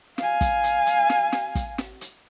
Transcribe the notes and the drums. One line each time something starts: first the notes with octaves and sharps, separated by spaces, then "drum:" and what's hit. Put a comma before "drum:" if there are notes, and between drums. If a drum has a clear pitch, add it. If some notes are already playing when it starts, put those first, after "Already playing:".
F5 G#5, drum: snare
drum: kick, hi-hat
drum: hi-hat
drum: hi-hat
drum: snare
drum: snare
drum: kick, hi-hat
drum: snare
drum: hi-hat